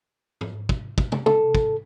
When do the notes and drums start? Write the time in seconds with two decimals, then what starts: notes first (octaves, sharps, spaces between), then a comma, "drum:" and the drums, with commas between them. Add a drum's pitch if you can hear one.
0.41 drum: tom
0.69 drum: kick
0.98 drum: kick
1.12 drum: tom
1.26 A4, drum: tom
1.55 drum: kick